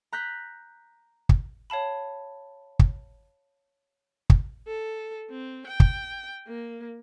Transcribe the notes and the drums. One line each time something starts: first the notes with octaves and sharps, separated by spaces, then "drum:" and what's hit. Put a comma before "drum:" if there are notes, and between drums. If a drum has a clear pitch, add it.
A#5 F#6 G6 B6
drum: kick
C#5 F5 A5 B5
drum: kick
drum: kick
A4
C4
G5
drum: kick
A#3